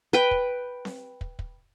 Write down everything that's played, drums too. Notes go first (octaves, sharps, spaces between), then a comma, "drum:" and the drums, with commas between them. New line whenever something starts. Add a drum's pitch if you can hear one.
B4 G5
drum: kick
drum: snare C4
drum: kick
drum: kick